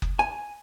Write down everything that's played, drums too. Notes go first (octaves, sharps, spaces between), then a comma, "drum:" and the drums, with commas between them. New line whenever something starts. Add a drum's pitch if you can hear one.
drum: kick F#1
G#5